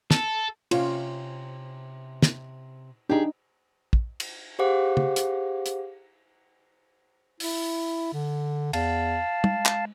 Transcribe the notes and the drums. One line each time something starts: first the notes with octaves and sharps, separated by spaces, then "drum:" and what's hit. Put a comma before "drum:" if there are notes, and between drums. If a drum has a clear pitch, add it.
A4, drum: snare
C3 C#4 F4, drum: cymbal
drum: snare
D4 D#4 G4 G#4
drum: kick
drum: cymbal
G4 G#4 C5 F5 F#5 D6
drum: tom
drum: hi-hat
drum: hi-hat
E4, drum: open hi-hat
D3
E2 F5 A5, drum: cymbal
G#3, drum: tom
drum: clap